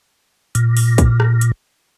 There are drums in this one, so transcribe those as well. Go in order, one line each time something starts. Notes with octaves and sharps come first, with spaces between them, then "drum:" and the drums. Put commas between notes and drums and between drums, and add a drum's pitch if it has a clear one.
A#2, drum: hi-hat
drum: open hi-hat
drum: kick, hi-hat
drum: rim click
drum: hi-hat